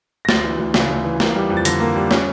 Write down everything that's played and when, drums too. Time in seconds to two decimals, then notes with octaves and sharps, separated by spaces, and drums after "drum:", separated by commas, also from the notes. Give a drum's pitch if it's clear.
0.25 A#6
0.29 D2 A6, drum: snare
0.44 E3
0.60 D2
0.74 C#3, drum: snare
0.90 D2
1.04 E3
1.20 A#3, drum: snare
1.34 G3
1.50 F2
1.57 A6
1.65 D3 A#6, drum: hi-hat
1.80 A#3
1.96 G3
2.11 C#4, drum: snare